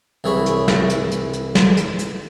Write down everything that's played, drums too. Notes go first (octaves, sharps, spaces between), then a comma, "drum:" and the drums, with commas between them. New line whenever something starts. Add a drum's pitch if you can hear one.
C2 E3 G#4 C#5 B5
drum: hi-hat
drum: snare
drum: hi-hat
drum: hi-hat
drum: hi-hat
drum: snare
drum: hi-hat
drum: hi-hat